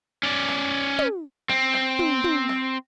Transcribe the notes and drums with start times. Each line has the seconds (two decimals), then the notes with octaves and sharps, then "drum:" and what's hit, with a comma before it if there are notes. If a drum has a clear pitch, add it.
0.23 C#4 D5
0.48 drum: snare
0.99 drum: tom
1.49 C4, drum: snare
1.74 drum: snare
1.99 drum: tom
2.24 drum: tom
2.49 drum: snare